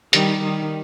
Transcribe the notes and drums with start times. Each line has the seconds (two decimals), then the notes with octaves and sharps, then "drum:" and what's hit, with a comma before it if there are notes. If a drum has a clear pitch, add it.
0.13 D#3 G3, drum: hi-hat
0.42 D#3 G3